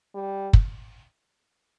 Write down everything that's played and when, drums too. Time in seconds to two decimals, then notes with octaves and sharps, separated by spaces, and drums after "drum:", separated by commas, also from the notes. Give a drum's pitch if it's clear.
0.15 G3
0.53 drum: kick